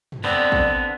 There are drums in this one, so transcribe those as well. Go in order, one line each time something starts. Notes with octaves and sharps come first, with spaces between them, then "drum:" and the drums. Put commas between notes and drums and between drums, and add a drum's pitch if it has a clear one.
drum: tom
D3 B3 C4 D5
drum: kick